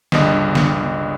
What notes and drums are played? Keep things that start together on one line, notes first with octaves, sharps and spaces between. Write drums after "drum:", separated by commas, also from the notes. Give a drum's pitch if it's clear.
G1 C#2 G3 D4 D5 D#5, drum: snare
drum: snare